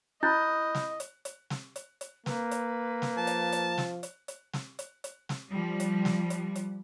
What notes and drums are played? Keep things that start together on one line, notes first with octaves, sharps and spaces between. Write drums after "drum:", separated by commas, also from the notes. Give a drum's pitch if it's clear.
E4 D#5 B5 F#6 G6
drum: snare
drum: hi-hat
drum: hi-hat
drum: snare
drum: hi-hat
drum: hi-hat
A#3 B4, drum: snare
drum: hi-hat
drum: snare
F3 A5
drum: hi-hat
drum: hi-hat
drum: snare
drum: hi-hat
drum: hi-hat
drum: snare
drum: hi-hat
drum: hi-hat
drum: snare
F3 G3
drum: hi-hat
drum: snare
drum: hi-hat
drum: hi-hat